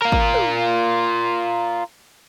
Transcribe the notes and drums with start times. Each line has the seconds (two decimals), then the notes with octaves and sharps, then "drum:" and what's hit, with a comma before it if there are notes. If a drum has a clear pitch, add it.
0.02 F4 A#4
0.12 drum: kick
0.34 drum: tom